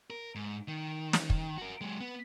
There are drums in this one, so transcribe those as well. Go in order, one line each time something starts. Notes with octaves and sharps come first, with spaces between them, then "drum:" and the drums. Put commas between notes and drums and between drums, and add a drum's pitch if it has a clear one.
A#4
G#2
D#3
drum: snare
drum: kick
F#4 A#4
F#3 G#3
B3